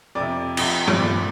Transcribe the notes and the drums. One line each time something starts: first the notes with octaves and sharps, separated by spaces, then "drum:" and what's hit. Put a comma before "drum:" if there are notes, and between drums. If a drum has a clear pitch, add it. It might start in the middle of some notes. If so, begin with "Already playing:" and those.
F2 C3 D5
F2 C3, drum: cymbal
drum: tom
C2 A#2 D5